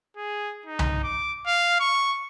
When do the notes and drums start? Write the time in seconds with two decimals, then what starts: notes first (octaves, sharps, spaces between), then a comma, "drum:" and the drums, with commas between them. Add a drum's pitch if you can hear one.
0.17 G#4
0.66 D#4
0.79 drum: tom C2
1.03 D6
1.47 F5
1.80 C#6